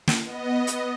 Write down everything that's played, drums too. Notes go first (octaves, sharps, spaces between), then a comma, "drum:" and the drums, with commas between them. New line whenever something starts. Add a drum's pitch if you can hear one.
drum: snare
B3 D#5
drum: hi-hat